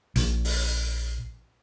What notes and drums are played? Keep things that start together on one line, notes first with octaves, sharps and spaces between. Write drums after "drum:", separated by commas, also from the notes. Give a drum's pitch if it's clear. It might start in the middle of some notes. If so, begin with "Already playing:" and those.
A#1, drum: hi-hat
drum: open hi-hat